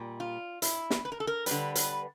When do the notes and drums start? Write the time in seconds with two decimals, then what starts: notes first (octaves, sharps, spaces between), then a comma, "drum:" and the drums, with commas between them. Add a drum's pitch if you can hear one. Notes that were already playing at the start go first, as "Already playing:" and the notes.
Already playing: A#2 G3
0.20 F4
0.62 E4, drum: hi-hat
0.90 drum: snare
1.05 B4
1.12 A#4
1.20 A4
1.27 A#4
1.46 D3 G3 B4, drum: hi-hat
1.75 B4, drum: hi-hat